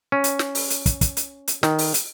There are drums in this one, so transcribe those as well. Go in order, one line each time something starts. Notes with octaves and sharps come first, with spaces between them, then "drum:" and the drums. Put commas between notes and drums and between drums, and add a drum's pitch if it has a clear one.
C#4
drum: hi-hat
drum: snare
drum: open hi-hat
drum: hi-hat
drum: kick, hi-hat
drum: kick, hi-hat
drum: hi-hat
drum: hi-hat
D#3, drum: snare
drum: open hi-hat
drum: hi-hat